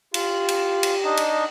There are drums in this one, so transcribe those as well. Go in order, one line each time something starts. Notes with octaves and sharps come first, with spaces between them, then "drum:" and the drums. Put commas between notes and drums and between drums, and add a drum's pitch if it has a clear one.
F4 G4, drum: cymbal
drum: cymbal
drum: cymbal
D4 D#4 D#5
drum: cymbal